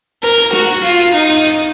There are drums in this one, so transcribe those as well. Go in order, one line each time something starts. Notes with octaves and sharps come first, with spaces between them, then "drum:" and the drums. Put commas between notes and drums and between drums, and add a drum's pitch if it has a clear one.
A#4, drum: hi-hat
drum: hi-hat
F#4, drum: snare
drum: hi-hat
F4, drum: hi-hat
drum: hi-hat
D#4
drum: hi-hat
drum: hi-hat